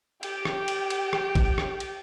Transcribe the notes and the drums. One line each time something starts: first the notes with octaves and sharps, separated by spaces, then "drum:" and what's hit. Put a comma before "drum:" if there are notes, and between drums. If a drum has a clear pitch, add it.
G4 G5, drum: cymbal
drum: rim click
drum: cymbal
drum: cymbal
drum: rim click
drum: kick, cymbal
drum: rim click
drum: cymbal